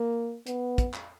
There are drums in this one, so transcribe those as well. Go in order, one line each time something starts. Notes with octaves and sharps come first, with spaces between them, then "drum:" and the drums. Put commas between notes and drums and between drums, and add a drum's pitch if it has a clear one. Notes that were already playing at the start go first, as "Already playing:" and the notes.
Already playing: A#3
B3, drum: hi-hat
drum: kick, hi-hat
drum: clap